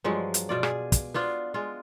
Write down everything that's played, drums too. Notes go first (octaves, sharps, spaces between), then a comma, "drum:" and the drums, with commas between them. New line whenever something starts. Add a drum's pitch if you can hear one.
G2 F3 F#3 G#3
drum: hi-hat
B2 F4 D5
G#4, drum: rim click
drum: kick, hi-hat
B3 D4 F4 C5
G#3 F4